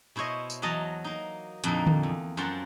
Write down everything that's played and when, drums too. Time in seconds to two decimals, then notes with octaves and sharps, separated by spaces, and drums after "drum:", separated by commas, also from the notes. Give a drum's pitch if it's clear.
0.16 B2 E4 C5 C#5 D#5
0.50 drum: tambourine
0.62 E2 F#3 D#5 A5 A#5
1.04 A#3 D#4
1.64 F2 A#2 D3 A#3 D#4, drum: hi-hat
1.87 drum: tom D3
2.03 E2
2.37 F#2 C4 F4 A#4 F#5 A5